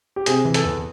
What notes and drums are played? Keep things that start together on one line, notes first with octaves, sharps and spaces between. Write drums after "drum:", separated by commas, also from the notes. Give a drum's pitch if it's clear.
G4
C3 G#4, drum: hi-hat
E3
A4, drum: hi-hat
E2